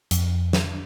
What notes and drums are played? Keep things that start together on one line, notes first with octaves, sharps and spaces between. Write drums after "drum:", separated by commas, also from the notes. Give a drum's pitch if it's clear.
F2, drum: hi-hat
drum: snare